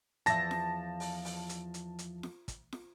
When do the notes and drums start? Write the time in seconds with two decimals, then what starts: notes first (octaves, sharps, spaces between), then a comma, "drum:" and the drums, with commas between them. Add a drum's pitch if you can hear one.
0.26 E2 F3 E5 A5 A#6, drum: hi-hat
0.51 drum: snare
1.00 drum: open hi-hat
1.25 drum: open hi-hat
1.49 drum: hi-hat
1.74 drum: hi-hat
1.99 drum: hi-hat
2.23 drum: snare
2.48 drum: kick, hi-hat
2.72 drum: snare